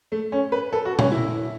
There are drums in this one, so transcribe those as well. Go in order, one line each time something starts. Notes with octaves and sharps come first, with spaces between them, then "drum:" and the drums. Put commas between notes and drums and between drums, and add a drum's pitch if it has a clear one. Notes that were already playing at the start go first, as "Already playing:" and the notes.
A3
C#4
B4
A4
F#4
C#4, drum: tom A#2
E4